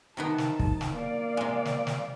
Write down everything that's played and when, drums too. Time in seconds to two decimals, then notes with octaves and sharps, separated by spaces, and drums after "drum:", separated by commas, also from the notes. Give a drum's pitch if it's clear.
0.17 C3 D#3 B3 D#4 A5
0.38 drum: snare
0.59 drum: kick
0.81 drum: snare
0.94 A#3 D5 F5
1.37 C3 G#3
1.65 drum: snare
1.87 drum: snare